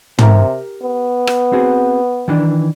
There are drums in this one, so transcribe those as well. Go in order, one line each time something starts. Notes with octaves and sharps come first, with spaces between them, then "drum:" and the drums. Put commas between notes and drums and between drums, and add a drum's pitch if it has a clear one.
C3 G4 A#4 A#5, drum: tom
B3
drum: rim click
C4 F#4 G#4
D#3 E3 D4